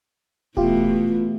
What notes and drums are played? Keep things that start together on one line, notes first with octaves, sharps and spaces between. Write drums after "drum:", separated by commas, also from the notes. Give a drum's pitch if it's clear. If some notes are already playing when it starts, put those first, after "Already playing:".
B2 E3 A3 F4 G4, drum: kick D1